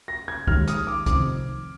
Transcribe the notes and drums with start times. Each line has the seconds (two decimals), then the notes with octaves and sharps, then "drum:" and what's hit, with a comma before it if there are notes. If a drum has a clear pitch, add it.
0.08 A#6
0.28 G#6
0.47 D#2 D#3 G#3 F6, drum: kick
0.68 D#6, drum: hi-hat
0.87 D6
1.06 F1 F2 D#3 D6, drum: kick, hi-hat